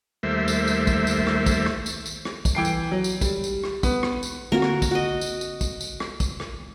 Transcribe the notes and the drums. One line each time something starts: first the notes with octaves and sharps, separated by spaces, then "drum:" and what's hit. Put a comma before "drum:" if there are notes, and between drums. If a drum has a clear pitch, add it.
D#2 G3 A3 A#3 C5 E5
drum: tambourine
drum: tambourine
drum: kick, tambourine
drum: tambourine
drum: rim click
drum: kick, tambourine
drum: rim click
drum: tambourine
drum: tambourine
drum: rim click
drum: kick, tambourine
E3 G5 C7
drum: tambourine
F#3
drum: tambourine
G3, drum: kick, tambourine
drum: tambourine
drum: rim click
B3, drum: kick, tambourine
drum: rim click
drum: tambourine
D3 A#3 C4 F#4 A#4
drum: rim click
drum: kick, tambourine
F#4 D#5
drum: tambourine
drum: tambourine
drum: kick, tambourine
drum: tambourine
drum: rim click
drum: kick, tambourine
drum: rim click